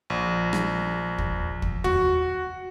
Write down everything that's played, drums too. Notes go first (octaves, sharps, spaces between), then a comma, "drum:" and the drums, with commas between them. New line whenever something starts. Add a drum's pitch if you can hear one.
A#1
drum: rim click
drum: kick
drum: kick
F#4, drum: tom